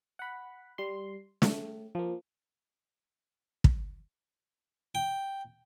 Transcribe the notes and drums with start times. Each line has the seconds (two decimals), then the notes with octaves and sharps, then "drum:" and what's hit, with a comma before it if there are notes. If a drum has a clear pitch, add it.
0.19 F#5 B5
0.78 G3 C6
1.42 A3, drum: snare
1.95 F3 A#3
3.64 drum: kick
4.95 G5